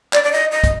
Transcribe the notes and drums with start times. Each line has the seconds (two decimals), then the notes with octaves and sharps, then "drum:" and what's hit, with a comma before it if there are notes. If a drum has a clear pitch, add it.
0.13 D5, drum: clap
0.24 D5
0.32 D#5
0.51 D#5
0.64 drum: kick, hi-hat